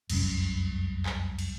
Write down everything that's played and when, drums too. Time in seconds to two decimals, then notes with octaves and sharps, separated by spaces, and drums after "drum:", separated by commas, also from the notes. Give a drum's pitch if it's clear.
0.10 F1 C2 F#2 C#4, drum: cymbal
1.06 drum: clap
1.39 drum: cymbal